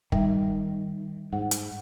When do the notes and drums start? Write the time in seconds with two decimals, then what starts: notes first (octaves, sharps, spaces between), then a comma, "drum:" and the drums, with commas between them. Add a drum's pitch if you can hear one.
0.12 D#3 G3 E5, drum: kick
1.33 G#2 F#5
1.51 drum: hi-hat